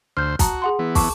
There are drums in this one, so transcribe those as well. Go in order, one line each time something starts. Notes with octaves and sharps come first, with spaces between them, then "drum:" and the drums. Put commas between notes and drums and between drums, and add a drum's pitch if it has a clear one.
D2 C5 F6 G6
F#4 A5 A#5 D#6, drum: kick, hi-hat
G#4 F#5 C6
E3 B3
A5 C#6 D6, drum: kick, open hi-hat